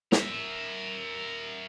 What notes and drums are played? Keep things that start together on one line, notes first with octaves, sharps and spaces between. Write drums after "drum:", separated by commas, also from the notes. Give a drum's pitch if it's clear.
A#4 E5, drum: snare